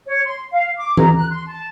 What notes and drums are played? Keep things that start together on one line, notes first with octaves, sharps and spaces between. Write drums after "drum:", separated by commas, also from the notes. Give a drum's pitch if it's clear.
C#5
C6
F5
D6
A#5, drum: tom E3
F#6
C6
A5